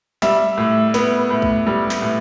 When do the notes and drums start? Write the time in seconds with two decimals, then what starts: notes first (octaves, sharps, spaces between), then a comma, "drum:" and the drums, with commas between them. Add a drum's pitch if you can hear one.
0.22 G3 E5, drum: snare
0.58 A2
0.94 B3, drum: snare
1.30 A2
1.42 drum: kick B1
1.67 G3
1.90 drum: snare
2.02 A2